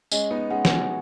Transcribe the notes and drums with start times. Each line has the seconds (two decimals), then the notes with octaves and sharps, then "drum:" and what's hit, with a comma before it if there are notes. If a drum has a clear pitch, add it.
0.11 G#3 C#4 D#5, drum: tambourine
0.31 B3 D#4
0.50 G#3 C#4 F#5
0.65 C#4, drum: snare
0.70 F#3 B3